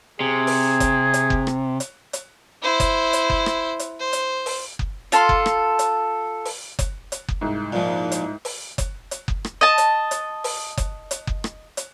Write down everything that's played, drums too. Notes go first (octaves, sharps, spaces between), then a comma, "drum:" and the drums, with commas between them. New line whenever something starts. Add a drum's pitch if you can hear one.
C3 G#4
drum: open hi-hat
drum: kick F#1, hi-hat
drum: hi-hat
drum: kick F#1
drum: rim click
drum: hi-hat
drum: hi-hat
E4 C5
drum: kick F#1, hi-hat
drum: hi-hat
drum: kick F#1
drum: rim click
drum: hi-hat
C5
drum: hi-hat
drum: open hi-hat
drum: kick F#1
F4 A4 C6, drum: hi-hat
drum: kick F#1
drum: rim click
drum: hi-hat
drum: open hi-hat
drum: kick F#1, hi-hat
drum: hi-hat
drum: kick F#1
C2 G#2
A#2 F3
drum: hi-hat
drum: open hi-hat
drum: kick F#1, hi-hat
drum: hi-hat
drum: kick F#1
drum: rim click
D#5 A5
drum: hi-hat
drum: hi-hat
drum: open hi-hat
drum: kick F#1, hi-hat
drum: hi-hat
drum: kick F#1
drum: rim click
drum: hi-hat